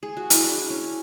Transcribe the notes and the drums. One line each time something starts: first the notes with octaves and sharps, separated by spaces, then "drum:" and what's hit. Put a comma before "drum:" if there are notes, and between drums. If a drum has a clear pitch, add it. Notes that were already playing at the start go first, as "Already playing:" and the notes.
G#4
F#4
E4, drum: hi-hat
D4
C#4